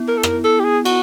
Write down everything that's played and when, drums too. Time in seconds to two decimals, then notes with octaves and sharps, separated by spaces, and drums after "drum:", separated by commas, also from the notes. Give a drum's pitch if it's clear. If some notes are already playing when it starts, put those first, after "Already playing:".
Already playing: B3 E4
0.08 A#4
0.17 A4
0.23 A#4, drum: rim click
0.44 A4
0.60 G4
0.64 G#4
0.85 F#4, drum: cymbal